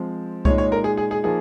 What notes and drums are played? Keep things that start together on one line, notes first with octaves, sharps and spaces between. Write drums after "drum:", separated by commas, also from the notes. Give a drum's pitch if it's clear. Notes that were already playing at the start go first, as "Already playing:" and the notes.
Already playing: F3 G#3 C4
A#2 G#3 D#4 C#5, drum: kick C2
C#5
A#4
G#4
G#4
G#4
F3 A#3 D#4 G#4